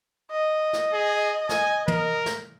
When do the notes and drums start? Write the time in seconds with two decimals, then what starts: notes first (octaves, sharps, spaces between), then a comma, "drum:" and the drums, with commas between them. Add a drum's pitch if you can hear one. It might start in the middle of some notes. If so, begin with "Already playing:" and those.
0.31 D#5
0.73 drum: snare
0.94 G#4
1.49 G#5, drum: snare
1.88 A#4, drum: tom
2.26 drum: snare